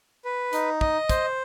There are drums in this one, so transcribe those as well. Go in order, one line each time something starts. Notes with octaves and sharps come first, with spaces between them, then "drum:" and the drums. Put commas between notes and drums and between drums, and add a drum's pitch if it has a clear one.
B4
D#4, drum: hi-hat
D#5, drum: kick
C5, drum: kick, hi-hat